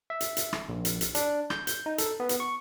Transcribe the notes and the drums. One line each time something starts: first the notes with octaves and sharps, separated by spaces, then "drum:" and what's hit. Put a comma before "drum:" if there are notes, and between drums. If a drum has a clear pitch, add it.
E5
drum: hi-hat
drum: hi-hat
drum: rim click
A#1
drum: hi-hat
drum: hi-hat
D4, drum: hi-hat
G6, drum: rim click
G6, drum: hi-hat
D#4
A4, drum: hi-hat
B3
drum: hi-hat
C#6